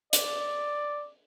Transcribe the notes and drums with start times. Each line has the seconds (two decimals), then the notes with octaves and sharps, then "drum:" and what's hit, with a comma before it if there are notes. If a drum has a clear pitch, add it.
0.13 D5, drum: hi-hat